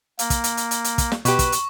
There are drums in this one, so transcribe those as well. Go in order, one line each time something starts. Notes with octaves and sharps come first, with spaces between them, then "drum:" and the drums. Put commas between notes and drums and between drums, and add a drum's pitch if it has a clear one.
A#3, drum: hi-hat
drum: kick, hi-hat
drum: hi-hat
drum: hi-hat
drum: hi-hat
drum: hi-hat
drum: kick, hi-hat
drum: snare
B2 G4 B4 C#6, drum: hi-hat
drum: kick, hi-hat
drum: hi-hat